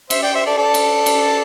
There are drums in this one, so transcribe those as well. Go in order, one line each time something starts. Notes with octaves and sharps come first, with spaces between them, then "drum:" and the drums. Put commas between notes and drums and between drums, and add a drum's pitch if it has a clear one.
C5 E5, drum: cymbal
D5 G5
C5 E5
A4 D5
A4 D5
drum: cymbal
drum: cymbal